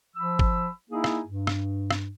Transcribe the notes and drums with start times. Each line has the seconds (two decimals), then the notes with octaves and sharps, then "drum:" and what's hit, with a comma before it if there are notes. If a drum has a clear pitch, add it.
0.16 F3 B5 E6
0.39 drum: kick
0.90 A#3 D#4 E4 G#4
1.04 drum: rim click
1.26 G2
1.47 drum: rim click
1.91 drum: rim click